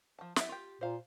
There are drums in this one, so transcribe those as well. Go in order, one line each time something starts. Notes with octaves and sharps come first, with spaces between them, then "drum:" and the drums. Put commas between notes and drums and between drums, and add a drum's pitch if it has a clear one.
F3 A5
F#3 E4 E5, drum: snare
F4 G4
A#2 C5 F5